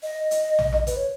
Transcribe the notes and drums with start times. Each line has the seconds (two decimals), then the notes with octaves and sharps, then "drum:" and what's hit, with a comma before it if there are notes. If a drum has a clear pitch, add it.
0.03 D#5
0.31 drum: hi-hat
0.59 drum: tom
0.72 drum: snare
0.87 B4, drum: kick A1, hi-hat
0.97 C#5